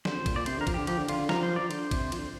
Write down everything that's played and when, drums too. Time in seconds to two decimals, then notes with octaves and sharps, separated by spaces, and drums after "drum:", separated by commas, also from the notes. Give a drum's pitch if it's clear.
0.05 D3 C5, drum: snare
0.16 F2
0.26 A#2, drum: kick, cymbal
0.36 A#2 D5
0.46 C3 C5, drum: cymbal
0.57 D3 A#4
0.67 F3, drum: kick, cymbal
0.74 D3 G4
0.87 F3 G4, drum: cymbal
0.98 D3
1.08 D3 F4, drum: cymbal
1.19 D3
1.29 F3 A#4, drum: snare
1.43 C5
1.56 F3 D5
1.71 D3 C5, drum: cymbal
1.91 C3, drum: kick, cymbal
2.12 F3, drum: cymbal
2.19 D3